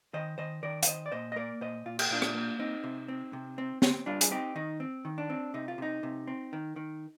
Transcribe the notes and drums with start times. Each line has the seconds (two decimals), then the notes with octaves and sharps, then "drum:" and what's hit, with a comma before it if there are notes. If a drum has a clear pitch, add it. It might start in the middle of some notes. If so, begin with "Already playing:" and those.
0.14 D#3 C5 D#5
0.38 D#3 C5 D#5
0.63 D#3 A#4 D5
0.83 F5, drum: hi-hat
0.87 D#3 C5 D#5
1.06 D5
1.12 A#2 C5 D#5
1.32 D#5
1.36 A#3 A#4 D5
1.61 A#2 C5 D#5
1.86 A#2 F4
1.99 G4, drum: cymbal
2.10 A#2 D4 F4
2.22 drum: rim click
2.35 A#3
2.59 C4 D#4
2.84 C3
3.08 C4
3.33 C3
3.58 C4
3.82 C4, drum: snare
4.06 G3 D4 F4
4.21 G#4, drum: hi-hat
4.31 C4 D#4 G4
4.56 D#3 D#4
4.80 C4
5.05 D#3
5.18 D4
5.30 C4
5.54 C3 D#4
5.68 F4
5.78 C3 D#4
6.03 C3
6.27 C4
6.53 D#3
6.76 D#3